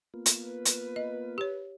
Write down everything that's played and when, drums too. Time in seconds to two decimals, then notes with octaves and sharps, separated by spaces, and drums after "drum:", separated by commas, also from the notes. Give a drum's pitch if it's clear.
0.14 A#3 B3 F4
0.26 drum: hi-hat
0.45 B4
0.65 drum: hi-hat
0.96 D#5
1.38 G4 C#5